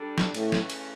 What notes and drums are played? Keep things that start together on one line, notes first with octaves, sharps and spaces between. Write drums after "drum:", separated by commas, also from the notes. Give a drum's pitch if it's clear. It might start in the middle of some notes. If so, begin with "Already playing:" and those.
Already playing: G3 D4 A4
drum: snare
A2 C#3 E3 A3 C#4, drum: cymbal
drum: snare
drum: cymbal